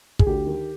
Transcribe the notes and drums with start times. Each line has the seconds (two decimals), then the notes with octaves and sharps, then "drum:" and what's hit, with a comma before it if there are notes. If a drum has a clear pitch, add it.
0.19 G#4, drum: kick
0.27 D2 G4
0.46 D#3